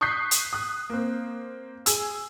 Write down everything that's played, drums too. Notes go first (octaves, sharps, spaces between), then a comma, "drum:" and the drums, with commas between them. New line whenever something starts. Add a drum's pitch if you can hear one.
C#6 D#6 F#6 G6 B6 C7
drum: hi-hat
D#6 F#6
A#3 C4
G#4 E6, drum: hi-hat